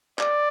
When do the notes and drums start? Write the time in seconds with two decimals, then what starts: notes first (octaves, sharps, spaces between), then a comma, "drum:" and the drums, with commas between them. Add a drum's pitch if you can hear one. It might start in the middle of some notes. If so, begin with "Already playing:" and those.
0.19 D5, drum: clap